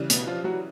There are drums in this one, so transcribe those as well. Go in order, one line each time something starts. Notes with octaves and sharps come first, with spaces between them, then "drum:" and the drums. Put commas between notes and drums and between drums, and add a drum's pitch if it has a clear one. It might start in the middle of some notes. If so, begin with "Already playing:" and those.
Already playing: C#3 E3 G3
B2 B3, drum: hi-hat
F3 F4
F#3 F#4